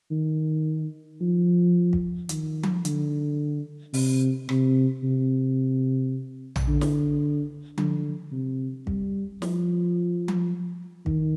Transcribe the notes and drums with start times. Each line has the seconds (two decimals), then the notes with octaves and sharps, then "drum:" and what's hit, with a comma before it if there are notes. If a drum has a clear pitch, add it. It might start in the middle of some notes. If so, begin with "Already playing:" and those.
0.11 D#3
1.21 F3
1.93 drum: kick
2.29 D#3, drum: hi-hat
2.63 drum: tom F3
2.85 D3, drum: hi-hat
3.94 C3, drum: open hi-hat
4.49 C3, drum: rim click
5.03 C3
6.56 drum: tom A#1
6.68 D3
6.81 drum: snare
7.78 D3, drum: tom F3
8.32 C3
8.87 G3, drum: kick
9.42 F3, drum: snare
10.28 drum: tom F3
11.06 D#3, drum: kick